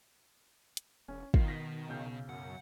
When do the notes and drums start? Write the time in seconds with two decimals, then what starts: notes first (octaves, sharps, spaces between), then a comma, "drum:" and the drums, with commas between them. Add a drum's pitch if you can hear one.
0.77 drum: hi-hat
1.08 E1 C#4
1.34 B2 D#3 F4 C7, drum: kick
1.48 A#6 B6
1.88 B1 C#3 G6
2.29 F#2 F#5